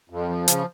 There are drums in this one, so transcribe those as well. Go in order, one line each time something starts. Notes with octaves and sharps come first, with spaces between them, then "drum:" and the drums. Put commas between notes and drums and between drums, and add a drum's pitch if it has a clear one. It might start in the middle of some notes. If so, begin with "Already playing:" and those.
F2
F3
C#3, drum: hi-hat